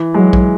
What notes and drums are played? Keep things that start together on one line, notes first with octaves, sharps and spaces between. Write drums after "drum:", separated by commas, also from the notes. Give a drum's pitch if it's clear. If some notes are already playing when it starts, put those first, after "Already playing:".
Already playing: E3
F#3 G#3
drum: kick A#1